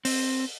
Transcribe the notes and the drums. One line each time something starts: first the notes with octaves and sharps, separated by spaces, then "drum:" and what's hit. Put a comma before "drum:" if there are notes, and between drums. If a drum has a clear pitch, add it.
C4, drum: open hi-hat